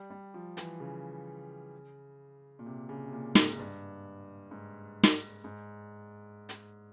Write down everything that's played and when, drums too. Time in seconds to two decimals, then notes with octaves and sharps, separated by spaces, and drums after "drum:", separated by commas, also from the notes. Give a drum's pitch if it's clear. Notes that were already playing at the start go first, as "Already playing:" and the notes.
Already playing: G3
0.10 G3
0.34 F3
0.57 E3, drum: hi-hat
0.80 C#3
2.59 A#2
2.66 C3
2.89 C#3
3.08 C3
3.13 A#2
3.35 G#2, drum: snare
3.59 G2
4.51 G#2
5.03 drum: snare
5.44 G#2
6.49 drum: hi-hat